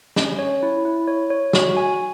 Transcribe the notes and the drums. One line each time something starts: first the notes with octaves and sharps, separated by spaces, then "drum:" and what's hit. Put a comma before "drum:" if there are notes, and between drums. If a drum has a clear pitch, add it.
C#4, drum: snare
C#5
E4
E4
C#5
C#5
F#4, drum: snare
G#5